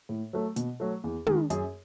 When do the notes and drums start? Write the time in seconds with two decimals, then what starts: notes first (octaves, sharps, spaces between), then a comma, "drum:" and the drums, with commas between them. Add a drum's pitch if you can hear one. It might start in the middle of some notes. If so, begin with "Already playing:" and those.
0.09 A2
0.33 F#3 A3
0.56 B2, drum: hi-hat
0.80 F#3 A3
1.04 E2
1.27 D#3 G#3, drum: tom
1.50 F#2 G#4, drum: hi-hat